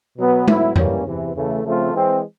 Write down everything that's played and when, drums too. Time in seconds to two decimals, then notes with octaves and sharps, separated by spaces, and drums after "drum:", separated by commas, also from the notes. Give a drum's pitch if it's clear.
0.17 B2 F#3 B3
0.48 A2 F#3 B3 E4, drum: tom G#3
0.76 E3 G3 A#3 C#4, drum: tom E2
1.05 E2 C3 E3
1.35 C#3 E3 A3
1.63 C#3 F3 A3 C4 F4
1.93 E3 G#3 C4